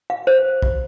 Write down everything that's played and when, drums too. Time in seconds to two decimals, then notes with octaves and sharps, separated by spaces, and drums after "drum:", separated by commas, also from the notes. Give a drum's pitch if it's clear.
0.10 F5
0.27 C5
0.62 drum: kick